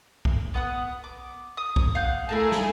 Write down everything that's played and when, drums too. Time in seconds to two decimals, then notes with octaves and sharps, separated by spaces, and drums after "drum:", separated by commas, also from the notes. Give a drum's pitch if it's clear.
0.25 drum: kick B1
0.54 B3 F#5 D#6
1.04 D6
1.57 D#6
1.76 drum: kick B1
1.95 F5 F#5 G6
2.29 A3 E4 G#4 A#4 A5
2.52 drum: snare